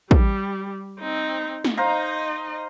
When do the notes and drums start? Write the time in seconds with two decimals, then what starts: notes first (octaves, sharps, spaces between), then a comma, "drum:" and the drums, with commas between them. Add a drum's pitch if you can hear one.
0.11 G3, drum: kick
1.00 C4 D#4
1.65 drum: snare
1.77 D#4 C5 D#5 F5 A#5